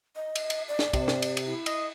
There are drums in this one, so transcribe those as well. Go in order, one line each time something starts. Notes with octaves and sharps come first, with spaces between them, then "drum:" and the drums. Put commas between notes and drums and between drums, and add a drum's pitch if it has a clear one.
D#5
drum: cymbal
drum: cymbal
D5
drum: snare
C3, drum: kick, cymbal
drum: snare
drum: cymbal
drum: cymbal
E4
D#5, drum: cymbal